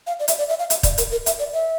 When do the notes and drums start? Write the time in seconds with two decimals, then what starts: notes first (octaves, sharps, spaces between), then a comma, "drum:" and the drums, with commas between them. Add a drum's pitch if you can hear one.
0.07 F5
0.19 D5
0.28 E5, drum: hi-hat
0.38 D5
0.49 E5
0.59 F5
0.70 E5, drum: hi-hat
0.83 D5, drum: kick, hi-hat
0.98 A#4, drum: hi-hat
1.11 A#4
1.26 E5, drum: hi-hat
1.39 D5
1.53 E5